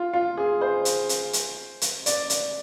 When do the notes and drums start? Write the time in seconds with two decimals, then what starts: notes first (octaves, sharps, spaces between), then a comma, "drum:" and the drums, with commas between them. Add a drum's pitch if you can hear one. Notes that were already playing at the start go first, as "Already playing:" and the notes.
Already playing: F4
0.13 F4
0.38 G#4
0.61 C5
0.85 drum: hi-hat
1.09 drum: hi-hat
1.33 drum: hi-hat
1.81 drum: hi-hat
2.06 D5, drum: hi-hat
2.30 drum: hi-hat